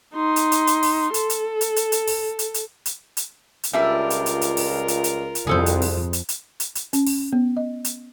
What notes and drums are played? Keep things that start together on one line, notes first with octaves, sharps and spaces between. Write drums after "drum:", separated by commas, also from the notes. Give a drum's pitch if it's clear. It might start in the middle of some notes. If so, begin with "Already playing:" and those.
D#4 C6
drum: hi-hat
drum: hi-hat
drum: hi-hat
drum: open hi-hat
A4, drum: hi-hat
drum: hi-hat
drum: hi-hat
drum: hi-hat
drum: hi-hat
drum: open hi-hat
drum: hi-hat
drum: hi-hat
drum: hi-hat
drum: hi-hat
drum: hi-hat
C#2 G3 D4 F4 A#4 E5
drum: hi-hat
drum: hi-hat
drum: hi-hat
drum: open hi-hat
drum: hi-hat
drum: hi-hat
drum: hi-hat
C2 F2 G#4 A4 C5
drum: hi-hat
drum: open hi-hat
drum: hi-hat
drum: hi-hat
drum: hi-hat
drum: hi-hat
C#4, drum: hi-hat
drum: open hi-hat
B3
D#5
drum: hi-hat